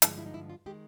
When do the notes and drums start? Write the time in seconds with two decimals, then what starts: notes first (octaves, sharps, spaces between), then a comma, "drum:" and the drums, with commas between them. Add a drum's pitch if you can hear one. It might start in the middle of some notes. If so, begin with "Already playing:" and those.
0.02 G2 D3 F3 G#3 E4, drum: hi-hat
0.18 E4
0.26 D#4
0.34 E4
0.50 F4
0.66 D#3 G#3 G4